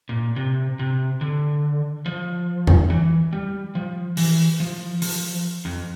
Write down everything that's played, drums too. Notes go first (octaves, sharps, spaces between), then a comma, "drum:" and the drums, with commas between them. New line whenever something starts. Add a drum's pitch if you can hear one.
A#2
C3
C3
D3
F3
drum: tom E2
E3
G3
F3
E3, drum: open hi-hat
F3
F3, drum: open hi-hat
F2